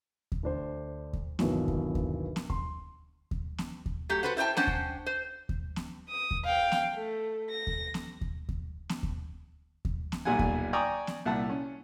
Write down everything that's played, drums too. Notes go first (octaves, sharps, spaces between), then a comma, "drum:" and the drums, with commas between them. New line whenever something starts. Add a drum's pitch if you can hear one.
drum: kick D#2
D2 D4 C5
drum: kick D#2
G1 D#2 B2 E3 F#3, drum: snare B3
drum: kick D#2
drum: kick D#2
drum: snare B3
C6, drum: kick D#2
drum: kick D#2
drum: snare B3
drum: kick D#2
F#3 A3 G4
F#4 A4 B4 C5 F#5
E4 C5 D5 G5 A5
C#4 D4 C5 F#5 G5 A5, drum: snare B3
drum: kick D#2
C5
drum: kick D#2
drum: snare B3
D#6
drum: kick D#2
F5 G5
drum: snare B3
A3
A#6
drum: kick D#2
drum: snare B3
drum: kick D#2
drum: kick D#2
drum: snare B3
drum: kick D#2
drum: kick D#2
drum: snare B3
B1 A#2 G3 F#5 G#5
drum: kick D#2
D5 G5 G#5 A#5 C#6 D#6
drum: snare B3
C2 A#2 E5 F#5 A5
C#4